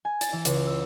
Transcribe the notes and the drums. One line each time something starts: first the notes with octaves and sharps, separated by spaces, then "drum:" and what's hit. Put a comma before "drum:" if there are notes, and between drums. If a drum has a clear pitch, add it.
G#5
A6, drum: hi-hat
E3
C#2, drum: hi-hat
E6